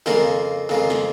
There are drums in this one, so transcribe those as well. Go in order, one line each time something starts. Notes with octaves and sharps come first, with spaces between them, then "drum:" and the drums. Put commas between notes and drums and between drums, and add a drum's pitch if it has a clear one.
F2 C#3 A#3 F4 A#4, drum: snare
F2 C#3 A#3 F4, drum: snare
drum: snare